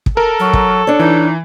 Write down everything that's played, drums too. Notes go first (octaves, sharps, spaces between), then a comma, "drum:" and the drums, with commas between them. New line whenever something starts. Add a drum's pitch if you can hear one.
drum: kick
A4 A#4
F#3
drum: kick
D4 C#5
E3 D#4